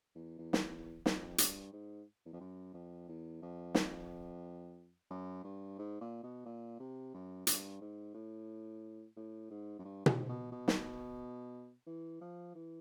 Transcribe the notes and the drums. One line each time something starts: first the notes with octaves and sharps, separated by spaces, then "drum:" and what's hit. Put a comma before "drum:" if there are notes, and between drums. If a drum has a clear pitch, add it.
E2
E2
drum: snare
F2, drum: snare
G2, drum: hi-hat
G#2
E2
F2
F#2
F2
E2
F2
drum: snare
F#2
G2
G#2
A#2
B2
A#2
C3
F#2
G2, drum: hi-hat
G#2
A2
A2
G#2
F#2
G2
G#2, drum: tom B2
B2
B2
drum: snare
E3
F3
E3